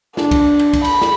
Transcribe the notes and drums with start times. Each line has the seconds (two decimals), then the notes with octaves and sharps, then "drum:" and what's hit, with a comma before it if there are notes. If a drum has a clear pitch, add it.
0.17 D4, drum: snare
0.31 drum: kick, cymbal
0.59 drum: cymbal
0.73 drum: kick, cymbal
0.84 B5, drum: cymbal
1.01 drum: snare